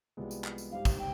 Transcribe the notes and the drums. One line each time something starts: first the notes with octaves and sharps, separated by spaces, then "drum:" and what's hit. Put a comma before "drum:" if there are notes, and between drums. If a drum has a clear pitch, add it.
C2 C3 F3 G#3 B3
drum: tambourine
drum: clap
drum: tambourine
G#2 G3 C4 G4 F5
drum: kick, tambourine
G5